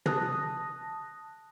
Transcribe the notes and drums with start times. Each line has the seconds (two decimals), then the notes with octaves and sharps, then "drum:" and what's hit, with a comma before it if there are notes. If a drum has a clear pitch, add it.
0.06 A5 D#6 F#6 A#6, drum: tom